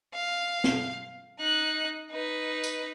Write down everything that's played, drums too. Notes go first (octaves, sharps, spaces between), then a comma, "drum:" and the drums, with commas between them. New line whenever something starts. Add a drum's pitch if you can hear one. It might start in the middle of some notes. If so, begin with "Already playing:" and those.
F5
drum: snare
D#4 F#6
D#4 B4
drum: tambourine